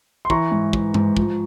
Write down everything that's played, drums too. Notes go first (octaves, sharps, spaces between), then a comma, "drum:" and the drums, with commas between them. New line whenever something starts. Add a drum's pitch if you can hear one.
C6
E3 A#5 C#6, drum: kick
G#2
E3, drum: kick
G#2, drum: tom G2
F3, drum: kick